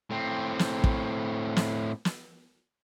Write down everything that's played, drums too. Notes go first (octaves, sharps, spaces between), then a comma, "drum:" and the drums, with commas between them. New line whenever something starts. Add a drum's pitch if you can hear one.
A2 C4
drum: snare
drum: kick
drum: snare
drum: snare